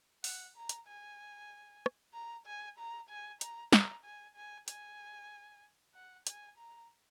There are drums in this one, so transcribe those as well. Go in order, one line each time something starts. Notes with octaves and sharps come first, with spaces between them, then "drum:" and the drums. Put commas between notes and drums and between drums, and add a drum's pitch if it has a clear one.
F#5, drum: open hi-hat
A#5
drum: hi-hat
G#5
drum: rim click
A#5
G#5
A#5
G#5
A#5, drum: hi-hat
A#5, drum: snare
G#5
G#5
G#5, drum: hi-hat
F#5
G#5, drum: hi-hat
A#5